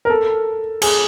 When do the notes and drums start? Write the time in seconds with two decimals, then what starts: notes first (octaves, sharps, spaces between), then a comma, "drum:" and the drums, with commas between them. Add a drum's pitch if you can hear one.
0.05 A#4
0.10 A4
0.82 G#4, drum: cymbal